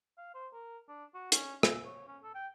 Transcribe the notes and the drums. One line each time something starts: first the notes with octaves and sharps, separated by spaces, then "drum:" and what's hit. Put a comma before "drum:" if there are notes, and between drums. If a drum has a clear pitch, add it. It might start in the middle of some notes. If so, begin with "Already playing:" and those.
F5
C5
A#4
D4
F#4
C#4, drum: hi-hat
E5, drum: rim click
C#5
C#4
A4
G5